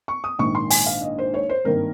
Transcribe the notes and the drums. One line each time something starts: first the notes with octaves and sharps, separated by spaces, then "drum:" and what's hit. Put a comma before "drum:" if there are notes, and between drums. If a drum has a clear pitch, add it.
C#6
D#6
A#1 G#2 D#3 A#3 C#6
C6
G#5, drum: open hi-hat
F5
D#5
C5
C#5
C5
G#1 G2 D#3 A#3 A#4